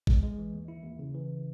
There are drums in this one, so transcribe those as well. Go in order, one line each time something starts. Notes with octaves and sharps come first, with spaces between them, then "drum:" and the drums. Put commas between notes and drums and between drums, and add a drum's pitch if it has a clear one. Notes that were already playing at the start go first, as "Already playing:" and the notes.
G#3, drum: kick
G#3
E3
D#2
E4
D#2
C#3
E3